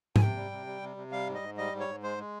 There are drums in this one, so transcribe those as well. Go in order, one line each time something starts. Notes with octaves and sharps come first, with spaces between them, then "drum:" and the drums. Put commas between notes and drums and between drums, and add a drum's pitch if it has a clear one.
G#5, drum: tom G#2
C3 G5
G3
C3
G3
C3
C3
G3 F5
G#2
D#5
G#2
G3 D#5
G#2
C#5
G#2
G#3 C5
G#3